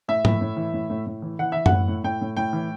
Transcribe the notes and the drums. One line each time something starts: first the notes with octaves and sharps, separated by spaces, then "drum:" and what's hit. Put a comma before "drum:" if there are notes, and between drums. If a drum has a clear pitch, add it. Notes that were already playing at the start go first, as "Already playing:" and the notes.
A2 E5
A2, drum: tom G#2
A2
E3
A2
A2
A2
E3
E3 F#5
E3 E5
F#5, drum: tom F#2
A2
A2
A2 G5
A2
A2 G5
E3